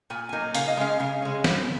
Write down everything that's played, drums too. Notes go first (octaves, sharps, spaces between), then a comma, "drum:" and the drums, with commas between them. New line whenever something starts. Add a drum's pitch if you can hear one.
A#2 G#5
F#3 A#3 D#4 G#5
C#3 F5, drum: hi-hat
D#5
G#3 C#4 F5
C#3 F5
G#3 C#4
C#3, drum: snare